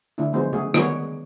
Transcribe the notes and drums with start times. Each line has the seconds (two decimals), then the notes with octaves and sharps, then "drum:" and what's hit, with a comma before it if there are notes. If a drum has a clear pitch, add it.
0.18 D3 A3 D4 E4
0.33 F3 F#3 G#3 B3 F#4 C5
0.53 C#3 A3 F#4 G#4
0.74 D#3 G3 G#3 B3 F#4 C#5, drum: rim click